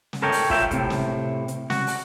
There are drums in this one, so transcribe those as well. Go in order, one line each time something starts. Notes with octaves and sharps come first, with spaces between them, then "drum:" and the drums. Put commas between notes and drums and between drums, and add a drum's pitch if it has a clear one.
drum: snare
A4 A#4 C#5 G5
drum: open hi-hat
F4 E5 G5, drum: kick
A2 C3, drum: kick, hi-hat
drum: snare
drum: hi-hat
F#4, drum: snare
drum: open hi-hat